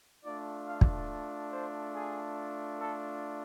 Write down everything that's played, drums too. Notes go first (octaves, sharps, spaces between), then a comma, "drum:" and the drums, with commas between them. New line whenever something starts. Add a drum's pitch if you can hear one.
A3 D4 F4 D5
F5
drum: kick
C5
G#4
A4